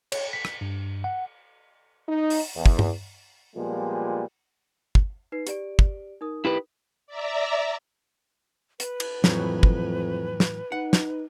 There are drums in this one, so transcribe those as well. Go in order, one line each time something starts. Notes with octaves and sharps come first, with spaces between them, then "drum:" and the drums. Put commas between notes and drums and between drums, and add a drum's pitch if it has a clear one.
C#5, drum: cymbal
B6
drum: rim click
G2
F#5
D#4
drum: open hi-hat
E2
drum: kick
drum: tom G2
A#2 F3 G3 G#3 B3
drum: kick
D#4 B4 C7
G4 D5 D7, drum: hi-hat
drum: kick
D#4 A#4 D#6
E4 G4 B4
D5 E5 A#5
B4, drum: hi-hat
drum: cymbal
F2 A2 E3 F#3, drum: snare
drum: kick
drum: snare
D#4 F#5
drum: snare